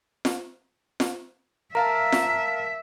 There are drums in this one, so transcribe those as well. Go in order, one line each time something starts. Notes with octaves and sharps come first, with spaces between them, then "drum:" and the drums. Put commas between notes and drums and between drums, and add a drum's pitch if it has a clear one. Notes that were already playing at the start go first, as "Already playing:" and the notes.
drum: snare F4
drum: snare F4
A#4 E5 F5 A5 A#5
drum: snare F4